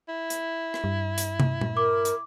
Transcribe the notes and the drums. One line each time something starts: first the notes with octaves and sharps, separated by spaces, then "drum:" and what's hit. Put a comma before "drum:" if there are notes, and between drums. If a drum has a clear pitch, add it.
E4
drum: hi-hat
drum: rim click
G2
drum: hi-hat
drum: tom
drum: tom A#2
A#4 D6
drum: hi-hat